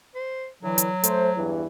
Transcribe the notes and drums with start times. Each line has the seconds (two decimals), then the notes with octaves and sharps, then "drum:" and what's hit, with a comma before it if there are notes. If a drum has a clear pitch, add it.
0.15 C5
0.63 D3 E3 F#3
0.78 drum: hi-hat
1.04 A3 A4 C5, drum: hi-hat
1.36 E2 G2 E3